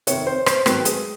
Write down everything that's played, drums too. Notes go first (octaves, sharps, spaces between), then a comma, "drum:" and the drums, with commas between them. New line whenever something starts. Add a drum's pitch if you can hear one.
F2 C3 D#3 C#5, drum: hi-hat
C5
C5, drum: rim click
G#2 D#3 F#3 A3 C4 B4, drum: rim click
G#4, drum: hi-hat